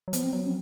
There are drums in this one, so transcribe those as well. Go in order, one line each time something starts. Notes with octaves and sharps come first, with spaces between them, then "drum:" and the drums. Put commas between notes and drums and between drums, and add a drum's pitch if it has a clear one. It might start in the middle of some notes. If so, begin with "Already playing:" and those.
F#3
F3 B3, drum: hi-hat
C4
F#3 B3
C#4